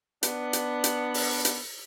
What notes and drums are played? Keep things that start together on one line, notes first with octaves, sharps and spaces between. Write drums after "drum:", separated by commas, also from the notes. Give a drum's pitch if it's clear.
B3 D4, drum: hi-hat
drum: hi-hat
drum: hi-hat
drum: open hi-hat
drum: hi-hat